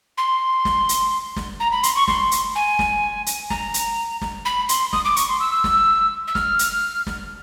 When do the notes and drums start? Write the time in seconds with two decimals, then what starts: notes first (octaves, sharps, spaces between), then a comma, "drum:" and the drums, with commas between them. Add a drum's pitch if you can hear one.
0.18 C6
0.65 drum: snare
0.89 drum: hi-hat
1.36 drum: snare
1.60 A#5
1.72 B5
1.83 C6, drum: hi-hat
1.96 C#6
2.08 C6, drum: snare
2.31 drum: hi-hat
2.56 G#5
2.79 drum: snare
3.26 drum: hi-hat
3.50 A#5, drum: snare
3.74 drum: hi-hat
4.21 drum: snare
4.45 B5
4.69 C6, drum: hi-hat
4.93 D#6, drum: snare
5.05 D6
5.16 C#6, drum: hi-hat
5.29 C6
5.40 E6
5.64 drum: snare
6.28 E6
6.35 F6, drum: snare
6.59 drum: hi-hat
7.07 drum: snare